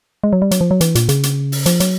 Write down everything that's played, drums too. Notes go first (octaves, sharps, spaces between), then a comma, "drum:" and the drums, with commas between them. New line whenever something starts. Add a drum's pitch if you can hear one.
G#3
F#3
G3
F#3, drum: hi-hat
F3
F#3
E3, drum: hi-hat
A#2, drum: hi-hat
C#3, drum: hi-hat
drum: hi-hat
drum: open hi-hat
F3, drum: hi-hat
F#3, drum: hi-hat